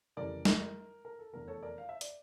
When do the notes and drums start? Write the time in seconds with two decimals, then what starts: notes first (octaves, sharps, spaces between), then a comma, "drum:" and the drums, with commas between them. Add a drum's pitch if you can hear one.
0.17 F1 F2 C#3 E3 G3 A#4 D5
0.45 A#4, drum: snare
1.05 A#4
1.19 A4
1.33 F1 E2 D3 A#4
1.47 A4 C#5
1.63 A#4 D5
1.78 F5
1.89 E5
2.01 D5, drum: hi-hat